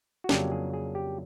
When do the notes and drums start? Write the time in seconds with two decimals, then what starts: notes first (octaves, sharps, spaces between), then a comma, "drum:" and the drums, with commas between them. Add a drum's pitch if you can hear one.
0.24 F#4
0.29 F2 C#3 F#3 A#3 D4 G4, drum: snare
0.52 G#4
0.73 G#4
0.95 G4